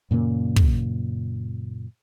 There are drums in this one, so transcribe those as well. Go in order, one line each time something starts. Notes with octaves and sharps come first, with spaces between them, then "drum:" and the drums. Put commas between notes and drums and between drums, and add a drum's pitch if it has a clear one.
F#2 A#2 C#3 A#3
drum: kick